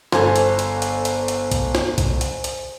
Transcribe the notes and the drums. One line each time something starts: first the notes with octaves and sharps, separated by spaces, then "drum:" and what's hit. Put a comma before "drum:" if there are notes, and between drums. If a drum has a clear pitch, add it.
G1 A4 C5 G#5, drum: snare
drum: hi-hat
drum: hi-hat
drum: hi-hat
drum: hi-hat
drum: hi-hat
drum: kick B1, hi-hat
drum: snare
drum: kick B1, hi-hat
drum: hi-hat
drum: hi-hat